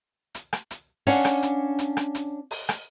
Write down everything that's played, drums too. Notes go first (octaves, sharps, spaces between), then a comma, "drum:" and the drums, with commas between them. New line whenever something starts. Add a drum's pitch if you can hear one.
drum: hi-hat
drum: rim click
drum: hi-hat
C#4 D4 C#5 F5 F#5, drum: open hi-hat
drum: rim click
drum: hi-hat
drum: hi-hat
drum: rim click
drum: hi-hat
drum: open hi-hat
drum: rim click